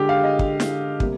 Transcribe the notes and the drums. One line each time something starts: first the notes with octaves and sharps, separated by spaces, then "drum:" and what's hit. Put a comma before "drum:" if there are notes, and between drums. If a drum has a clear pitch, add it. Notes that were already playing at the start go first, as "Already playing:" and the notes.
Already playing: D3 G#3 G4
F5
D#5
drum: kick
drum: snare
C3 G3 A#3, drum: kick